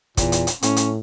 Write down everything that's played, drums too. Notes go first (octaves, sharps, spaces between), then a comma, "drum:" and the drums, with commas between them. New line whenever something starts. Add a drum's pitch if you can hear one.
E2 A#2, drum: kick, hi-hat
drum: hi-hat
drum: hi-hat
A2 C#4, drum: hi-hat
drum: hi-hat